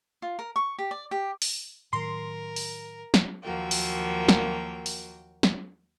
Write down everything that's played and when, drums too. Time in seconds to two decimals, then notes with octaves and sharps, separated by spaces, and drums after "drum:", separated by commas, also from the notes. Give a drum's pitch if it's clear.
0.22 F4
0.39 A#4
0.56 C#6
0.79 G4
0.91 D5
1.11 G4
1.42 drum: open hi-hat
1.93 A2 D#3 F#3 A#4 C6
2.56 drum: open hi-hat
3.14 drum: snare
3.43 D#2 F3 F#3 A#3 F#4 G5
3.71 drum: open hi-hat
4.29 drum: snare
4.86 drum: open hi-hat
5.43 drum: snare